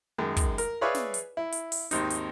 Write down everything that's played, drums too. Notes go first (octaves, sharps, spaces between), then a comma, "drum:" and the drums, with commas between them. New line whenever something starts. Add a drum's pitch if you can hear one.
F#2 D#3 G#3
drum: kick, hi-hat
A#4, drum: hi-hat
G#4 B4 C#5 D5 E5 F5
drum: snare
drum: hi-hat
E4
drum: hi-hat
drum: open hi-hat
G#1 D#2 C4 D#4, drum: hi-hat
drum: hi-hat